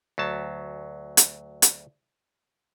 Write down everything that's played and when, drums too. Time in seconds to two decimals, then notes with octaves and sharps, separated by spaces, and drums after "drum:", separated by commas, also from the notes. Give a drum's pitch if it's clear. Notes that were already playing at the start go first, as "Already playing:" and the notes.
0.18 D2 F#3 A5
1.17 drum: hi-hat
1.62 drum: hi-hat